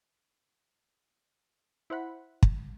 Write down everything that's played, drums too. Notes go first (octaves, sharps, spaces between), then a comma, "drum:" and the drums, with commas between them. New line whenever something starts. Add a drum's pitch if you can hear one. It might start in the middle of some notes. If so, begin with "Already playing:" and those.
E4 C5 F#5 B5
drum: kick